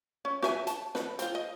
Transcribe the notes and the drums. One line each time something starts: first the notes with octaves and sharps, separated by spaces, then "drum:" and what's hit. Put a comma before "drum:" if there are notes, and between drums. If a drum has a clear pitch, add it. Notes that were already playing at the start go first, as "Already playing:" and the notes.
C#4
F#4 E5 G#5, drum: snare
A5, drum: hi-hat
B4, drum: snare
C4 F4, drum: hi-hat
D#5